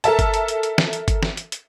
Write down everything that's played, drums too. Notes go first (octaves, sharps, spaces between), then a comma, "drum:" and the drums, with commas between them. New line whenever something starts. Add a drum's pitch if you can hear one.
A4 A#4 E5 A5, drum: hi-hat
drum: kick G1, hi-hat
drum: hi-hat
drum: hi-hat
drum: hi-hat
drum: snare
drum: hi-hat
drum: kick G1, hi-hat
drum: snare
drum: hi-hat
drum: hi-hat